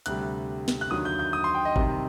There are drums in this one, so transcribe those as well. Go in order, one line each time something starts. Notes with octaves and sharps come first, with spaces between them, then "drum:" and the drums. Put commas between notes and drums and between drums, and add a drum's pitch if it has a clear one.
D2 C3 G3 F#6, drum: hi-hat
drum: snare
F#6
D#2 D3 F#3 D#6
G6
G6
D#6
C6
G5
D#5
C3 D#3 G3 C4, drum: kick